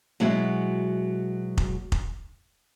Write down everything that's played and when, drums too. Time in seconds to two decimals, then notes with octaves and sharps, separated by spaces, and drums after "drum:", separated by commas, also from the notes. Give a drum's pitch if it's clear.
0.20 B2 F#3 G#3 E4
1.58 drum: kick F1
1.92 drum: kick F1